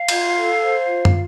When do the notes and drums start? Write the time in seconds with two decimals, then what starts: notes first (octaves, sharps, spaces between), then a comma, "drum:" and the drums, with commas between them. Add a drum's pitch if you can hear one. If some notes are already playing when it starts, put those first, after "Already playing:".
Already playing: F5
0.08 F4, drum: cymbal
0.35 A4
0.60 C5
0.86 F4
1.05 drum: tom